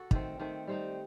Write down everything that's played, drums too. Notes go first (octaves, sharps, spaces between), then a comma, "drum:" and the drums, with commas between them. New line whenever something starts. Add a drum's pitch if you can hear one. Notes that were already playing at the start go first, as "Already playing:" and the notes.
Already playing: F#4 A4
D#3 A3 C4, drum: kick
D#3 A3 C4
G3 C4 D#4